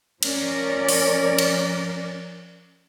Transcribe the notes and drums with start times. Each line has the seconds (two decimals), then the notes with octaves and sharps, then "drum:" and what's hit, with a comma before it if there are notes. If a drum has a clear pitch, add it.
0.23 F3 C#4 A#4 D5, drum: cymbal
0.88 drum: open hi-hat
1.38 drum: cymbal